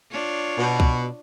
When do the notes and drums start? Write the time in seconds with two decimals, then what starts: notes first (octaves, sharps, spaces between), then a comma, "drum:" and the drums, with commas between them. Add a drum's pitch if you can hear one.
0.11 D4 F4 C#5
0.58 B2
0.80 drum: kick C2